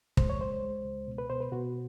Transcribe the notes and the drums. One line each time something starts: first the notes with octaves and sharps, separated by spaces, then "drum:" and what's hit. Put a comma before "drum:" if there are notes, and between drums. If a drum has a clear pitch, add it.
G#3 C5, drum: kick
C#5
C#2 C5
G#3
C#2
B2
B4
B2 C5
B4
B2 F#4